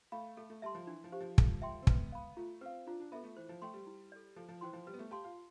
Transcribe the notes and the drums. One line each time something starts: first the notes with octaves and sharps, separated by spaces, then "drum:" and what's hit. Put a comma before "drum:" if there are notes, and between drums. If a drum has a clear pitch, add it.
A3 F5 B5
A3 A4
A3
G3 E5 A5 C6
F3
E3 D4
F3
G4 C5 F5
F3
A4, drum: kick
E5 G5 C6
C4
B3 B4, drum: kick
F5 B5
A3 F4
C4 B4 F5
D4 F4
D4
B3 A4 E5 B5
A3
E3 C5
F3
A3 G5 C6
G3
E4
A4 D5
F3 A4
F3
E3 C5 G5 C6
F3
G3 B4
B3
A3
G4 F5 A5 C6
F4